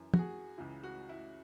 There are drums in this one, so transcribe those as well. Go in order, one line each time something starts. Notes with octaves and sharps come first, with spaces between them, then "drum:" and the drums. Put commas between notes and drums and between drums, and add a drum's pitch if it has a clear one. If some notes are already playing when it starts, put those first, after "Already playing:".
Already playing: F#2 E3
F#4, drum: tom
G#4
C#2 C#3 E3
F#4
E4